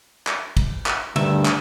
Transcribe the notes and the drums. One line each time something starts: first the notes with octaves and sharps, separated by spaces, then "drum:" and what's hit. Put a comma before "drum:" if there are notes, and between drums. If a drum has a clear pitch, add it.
drum: clap
drum: kick, cymbal
drum: clap
D2 G2 D#3 E5, drum: cymbal
drum: clap